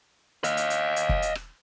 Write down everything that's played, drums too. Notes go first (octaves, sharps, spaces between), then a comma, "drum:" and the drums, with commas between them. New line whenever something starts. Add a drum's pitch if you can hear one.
D#5 F5, drum: hi-hat
drum: hi-hat
drum: hi-hat
drum: hi-hat
drum: kick
drum: hi-hat
drum: rim click